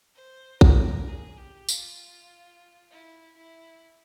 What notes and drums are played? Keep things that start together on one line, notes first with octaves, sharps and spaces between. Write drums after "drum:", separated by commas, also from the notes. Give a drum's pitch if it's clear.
C5
A#4, drum: kick
G#4
G4
F4, drum: tambourine
E4
E4